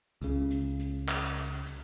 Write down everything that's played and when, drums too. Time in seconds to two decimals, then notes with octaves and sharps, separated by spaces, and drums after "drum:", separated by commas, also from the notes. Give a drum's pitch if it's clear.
0.22 C#2 C#3, drum: hi-hat
0.50 drum: hi-hat
0.79 drum: hi-hat
1.08 drum: clap
1.37 drum: hi-hat
1.66 drum: hi-hat